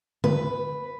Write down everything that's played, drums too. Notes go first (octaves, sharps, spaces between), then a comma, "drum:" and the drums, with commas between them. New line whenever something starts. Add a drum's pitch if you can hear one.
B4, drum: tom D3